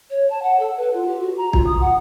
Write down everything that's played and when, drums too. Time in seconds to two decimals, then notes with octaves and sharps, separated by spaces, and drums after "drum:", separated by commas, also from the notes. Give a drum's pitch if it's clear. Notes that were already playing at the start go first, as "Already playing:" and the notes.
0.10 C#5
0.30 A5
0.42 F#5
0.60 A4
0.77 B4
0.93 F4
1.07 G4
1.20 F#4
1.37 A#5
1.53 F4, drum: kick
1.66 D#6
1.80 F#5